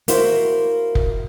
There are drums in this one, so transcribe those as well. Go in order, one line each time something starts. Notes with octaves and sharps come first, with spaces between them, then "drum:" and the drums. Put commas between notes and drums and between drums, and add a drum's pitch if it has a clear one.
A#3 E4 F#4 C5, drum: hi-hat
drum: kick F1